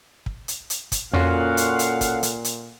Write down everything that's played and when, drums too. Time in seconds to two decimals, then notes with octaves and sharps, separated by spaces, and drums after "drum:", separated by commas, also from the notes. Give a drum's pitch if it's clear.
0.26 drum: kick
0.48 drum: hi-hat
0.70 drum: hi-hat
0.92 drum: kick, hi-hat
1.14 F2 A#2 C#4 F4 F#4 A4 F5 F#5
1.57 drum: hi-hat
1.79 drum: hi-hat
2.01 drum: kick, hi-hat
2.23 drum: hi-hat
2.44 drum: hi-hat